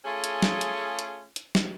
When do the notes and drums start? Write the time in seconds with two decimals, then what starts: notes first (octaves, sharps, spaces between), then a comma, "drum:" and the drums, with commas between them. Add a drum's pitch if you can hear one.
0.05 A3 C#4 F4 G#4
0.24 drum: hi-hat
0.42 drum: snare
0.61 drum: hi-hat
0.99 drum: hi-hat
1.36 drum: hi-hat
1.55 drum: snare